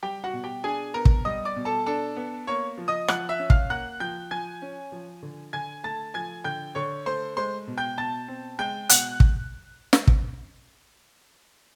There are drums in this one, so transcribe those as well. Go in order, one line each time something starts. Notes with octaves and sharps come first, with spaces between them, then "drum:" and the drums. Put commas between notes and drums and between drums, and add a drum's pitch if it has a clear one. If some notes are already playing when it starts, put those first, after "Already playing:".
G3 G4 G5
F#4 F#5
B2
G4 G5
D4 G#4 G#5
B3 A#4 A#5
drum: kick
G3 D#5 D#6
D5 D6
B2
A4 A5
D4 A4 A5
B3
A#3 C#5 C#6
F3
D#5 D#6
F3 F#5 F#6, drum: rim click
E5 E6
C#4
F5 F6, drum: kick
A#3 F#5 F#6
F3 G5 G6
F3 G#5 G#6
C#4
F3
D3
D3 G#5 G#6
A3 A5 A6
F3 G#5 G#6
D3 G5 G6
D3 C#5 C#6
A3 C5 C6
G#3 C5 C6
B2
G5 G6
B2 A5 A6
C4
G#3 G5 G6
B2 F#5 F#6, drum: hi-hat
drum: kick
drum: snare
drum: kick